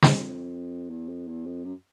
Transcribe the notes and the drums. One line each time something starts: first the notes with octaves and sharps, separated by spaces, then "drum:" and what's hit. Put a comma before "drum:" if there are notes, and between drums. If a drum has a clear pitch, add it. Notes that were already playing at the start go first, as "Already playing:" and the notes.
drum: snare
F2
E2
F2
E2
F2
F#2